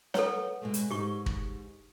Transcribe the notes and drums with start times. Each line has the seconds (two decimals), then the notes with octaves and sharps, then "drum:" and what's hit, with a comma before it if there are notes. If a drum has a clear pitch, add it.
0.14 A4 B4 C#5 F#5, drum: snare
0.62 B2 G#3 A3
0.74 drum: hi-hat
0.91 G#2 D#4 G4 C#6
1.26 drum: kick